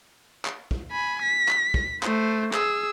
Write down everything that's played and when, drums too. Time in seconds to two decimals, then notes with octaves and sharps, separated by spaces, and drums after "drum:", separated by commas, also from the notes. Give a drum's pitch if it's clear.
0.45 drum: clap
0.71 drum: kick
0.92 G#5 B5
1.23 B6
1.48 drum: clap
1.74 drum: kick
2.03 A3 C5, drum: clap
2.53 G#4 E6, drum: clap